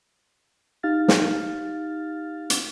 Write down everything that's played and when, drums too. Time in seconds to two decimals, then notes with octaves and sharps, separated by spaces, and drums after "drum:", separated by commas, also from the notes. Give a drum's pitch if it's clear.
0.83 D#4 G4 F5 F6 A6
1.08 drum: snare
2.50 drum: hi-hat